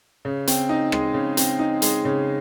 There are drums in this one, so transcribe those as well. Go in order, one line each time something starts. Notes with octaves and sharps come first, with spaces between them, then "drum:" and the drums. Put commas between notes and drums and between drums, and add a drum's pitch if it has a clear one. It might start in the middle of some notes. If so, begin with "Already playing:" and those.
C#3
C4, drum: hi-hat
D#4
G#3, drum: rim click
C#3
C4, drum: hi-hat
D#4
G#3, drum: hi-hat
C#3